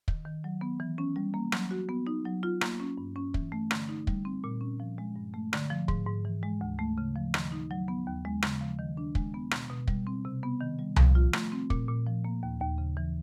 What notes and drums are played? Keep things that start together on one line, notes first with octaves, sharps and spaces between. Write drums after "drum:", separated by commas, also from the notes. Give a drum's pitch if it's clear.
D#3, drum: kick
D#3
F#3
B3
E3
C#4
G3
A#3
F#3, drum: rim click
F#4
B3
D#4
F#3
F4
A#3, drum: rim click
C#4
G2
C#4
E3, drum: kick
A3
D3, drum: rim click
D#4
G3, drum: kick
C4
A#2
C#4
F3
G#3
G2
A3
D3, drum: rim click
F3
G#2, drum: kick
G#2
E3
G#3
D2
A3
C#3
F3
D#3, drum: rim click
D#4
F#3
B3
D#2
G#3
C#3, drum: rim click
F3
D#3
D4
G#3, drum: kick
B3
B2, drum: rim click
B2
G3, drum: kick
C4
C3
B3
D#3
G3
F3, drum: tom C2
F4
A3, drum: rim click
C4
A#2, drum: kick
A#2
F3
A#3
D#2
D#2
C#3
E3